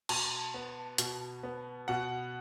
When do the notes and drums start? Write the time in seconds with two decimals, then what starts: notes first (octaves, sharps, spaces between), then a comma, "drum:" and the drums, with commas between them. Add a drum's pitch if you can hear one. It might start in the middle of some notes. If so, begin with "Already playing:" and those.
0.09 B2 A5, drum: cymbal
0.54 B3
0.98 B2, drum: hi-hat
1.43 B3
1.88 B2 F#5